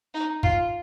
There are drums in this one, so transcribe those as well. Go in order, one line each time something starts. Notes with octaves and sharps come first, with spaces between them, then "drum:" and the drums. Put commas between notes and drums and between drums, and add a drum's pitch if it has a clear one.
D#4
F4, drum: kick